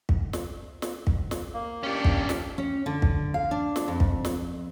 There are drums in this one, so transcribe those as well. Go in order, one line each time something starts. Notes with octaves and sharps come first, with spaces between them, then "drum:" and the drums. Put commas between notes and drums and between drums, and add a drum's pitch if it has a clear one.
drum: kick
drum: snare
drum: snare
drum: kick
drum: snare
A#3
C#4 D4 G4
drum: kick
drum: snare
C#4
D3
drum: kick
F5
D4
drum: snare
F2
drum: kick
drum: snare